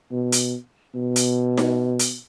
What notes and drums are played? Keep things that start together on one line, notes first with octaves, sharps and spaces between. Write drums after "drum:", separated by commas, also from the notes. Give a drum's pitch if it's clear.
B2
drum: hi-hat
B2
drum: hi-hat
drum: snare D#4
drum: hi-hat